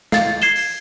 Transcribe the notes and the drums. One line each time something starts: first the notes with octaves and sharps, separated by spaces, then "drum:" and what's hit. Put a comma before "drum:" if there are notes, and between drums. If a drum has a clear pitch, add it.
F5 A6, drum: snare
G#6 C7 E7 G7
drum: open hi-hat